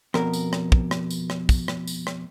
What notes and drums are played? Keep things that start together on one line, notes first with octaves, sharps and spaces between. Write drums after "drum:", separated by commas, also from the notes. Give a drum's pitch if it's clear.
F2 B2 A#4, drum: rim click
drum: tambourine
drum: rim click
drum: kick
drum: rim click
drum: tambourine
drum: rim click
drum: kick, tambourine
drum: rim click
drum: tambourine
drum: rim click